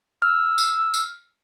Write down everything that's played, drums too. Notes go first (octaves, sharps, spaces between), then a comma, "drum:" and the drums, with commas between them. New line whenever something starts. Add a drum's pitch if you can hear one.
E6 F6
drum: tambourine
drum: tambourine